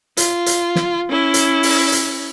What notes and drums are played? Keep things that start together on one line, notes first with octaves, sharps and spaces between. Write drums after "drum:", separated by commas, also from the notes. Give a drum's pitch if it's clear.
F4, drum: hi-hat
drum: hi-hat
drum: snare
C#4 E4
drum: hi-hat
drum: open hi-hat
drum: hi-hat